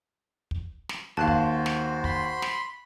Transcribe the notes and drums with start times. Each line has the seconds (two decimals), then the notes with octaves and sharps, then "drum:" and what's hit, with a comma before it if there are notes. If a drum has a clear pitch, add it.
0.51 drum: kick
0.89 drum: snare
1.17 D#2 F#4 C5 F5 A5 F#6 E7
1.28 drum: kick
1.66 drum: snare
2.04 B5 C6, drum: kick
2.42 drum: snare